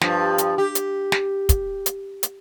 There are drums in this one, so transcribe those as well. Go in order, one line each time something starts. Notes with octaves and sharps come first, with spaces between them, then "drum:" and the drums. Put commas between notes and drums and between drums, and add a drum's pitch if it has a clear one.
G2 F3, drum: snare
drum: hi-hat
G4
drum: hi-hat
drum: snare
drum: kick, hi-hat
drum: hi-hat
drum: hi-hat